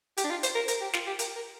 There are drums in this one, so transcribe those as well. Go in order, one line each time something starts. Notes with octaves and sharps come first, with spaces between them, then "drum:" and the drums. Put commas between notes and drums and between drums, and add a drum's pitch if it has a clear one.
G4, drum: hi-hat
D4
F4
C5, drum: hi-hat
A#4
A#4, drum: hi-hat
G4
F4, drum: snare
G4
A#4, drum: hi-hat
A#4